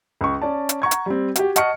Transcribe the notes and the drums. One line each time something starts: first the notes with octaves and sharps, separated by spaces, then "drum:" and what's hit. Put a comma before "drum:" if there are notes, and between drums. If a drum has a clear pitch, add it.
C#2 C#6
C#4 D5 A5
drum: hi-hat
F#5 A#5 C#6 G#6
drum: hi-hat
G3 C4
F#4 G4, drum: hi-hat
D#5 F#5 A5 C#6 F6 C#7, drum: hi-hat